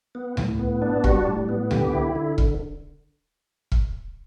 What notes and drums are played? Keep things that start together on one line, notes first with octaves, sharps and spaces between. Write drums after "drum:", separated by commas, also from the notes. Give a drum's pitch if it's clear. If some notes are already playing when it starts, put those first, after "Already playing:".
B3
A2, drum: tom C#2
B3
D4
G3 F#4, drum: kick
A2
B3
D3 G4, drum: tom C#2
E4
D3
drum: kick
drum: kick